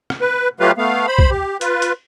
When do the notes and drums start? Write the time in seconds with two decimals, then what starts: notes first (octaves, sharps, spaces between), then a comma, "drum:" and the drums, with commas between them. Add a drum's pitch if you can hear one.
0.10 drum: rim click
0.21 B4
0.60 F#3 A3 F4 G4 B4 F5
0.78 A3 B3 F5
1.07 C5 B5
1.19 drum: kick
1.30 G4
1.61 F4 B4, drum: hi-hat
1.82 drum: hi-hat